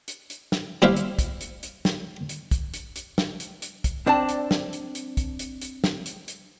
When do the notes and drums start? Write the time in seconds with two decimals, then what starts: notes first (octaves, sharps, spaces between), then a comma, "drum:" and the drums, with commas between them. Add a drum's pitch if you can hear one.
0.08 drum: hi-hat
0.30 drum: hi-hat
0.52 drum: snare
0.82 G3 E4 C5 E5 F5
0.96 drum: hi-hat
1.19 drum: kick, hi-hat
1.41 drum: hi-hat
1.63 drum: hi-hat
1.85 drum: snare
2.29 drum: hi-hat
2.51 drum: kick, hi-hat
2.74 drum: hi-hat
2.96 drum: hi-hat
3.18 drum: snare
3.40 drum: hi-hat
3.62 drum: hi-hat
3.84 drum: kick, hi-hat
4.06 C4 D4 C5 D5 A5
4.29 drum: hi-hat
4.51 drum: snare
4.73 drum: hi-hat
4.95 drum: hi-hat
5.17 drum: kick, hi-hat
5.39 drum: hi-hat
5.62 drum: hi-hat
5.84 drum: snare
6.06 drum: hi-hat
6.28 drum: hi-hat